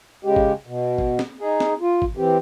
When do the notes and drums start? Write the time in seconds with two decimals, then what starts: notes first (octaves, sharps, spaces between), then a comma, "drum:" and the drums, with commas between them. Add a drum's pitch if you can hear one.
0.25 C#3 G#3 G4
0.36 drum: kick
0.67 B2
0.98 drum: kick
1.19 drum: snare
1.40 D#4 G#4
1.60 drum: snare
1.81 F4
2.02 drum: kick
2.17 E3 C4 G4